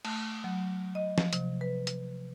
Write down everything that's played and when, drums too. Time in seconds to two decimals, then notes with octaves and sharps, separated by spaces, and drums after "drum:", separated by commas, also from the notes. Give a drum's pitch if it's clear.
0.05 A3, drum: cymbal
0.44 F#3
0.95 D#5
1.18 F3, drum: snare
1.33 C3, drum: hi-hat
1.61 B4
1.87 drum: hi-hat